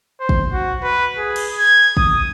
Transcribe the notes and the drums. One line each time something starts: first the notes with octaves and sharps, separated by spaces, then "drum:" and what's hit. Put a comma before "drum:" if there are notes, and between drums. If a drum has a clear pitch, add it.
C5
drum: kick
F#4
B4
G#4
drum: cymbal
G#6
D#6, drum: kick